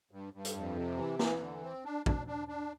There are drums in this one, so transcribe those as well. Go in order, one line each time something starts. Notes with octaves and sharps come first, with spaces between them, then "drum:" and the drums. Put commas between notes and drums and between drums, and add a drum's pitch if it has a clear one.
G2
G2
drum: hi-hat
F2
C3
E3
E3, drum: snare
D3
C4
D4
D4, drum: kick
D4
D4